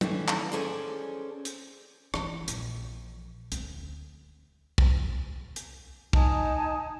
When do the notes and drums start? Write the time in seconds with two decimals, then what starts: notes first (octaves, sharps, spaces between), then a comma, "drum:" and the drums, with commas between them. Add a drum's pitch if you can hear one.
0.01 D#3 E3 A3 C#4, drum: tom
0.28 drum: clap
0.52 C#4 G#4 A4 C5 D5
1.45 drum: hi-hat
2.14 E3, drum: rim click
2.48 A#1, drum: hi-hat
3.52 D2, drum: hi-hat
4.78 drum: kick
5.56 drum: hi-hat
6.13 D#4 G#5 A5, drum: kick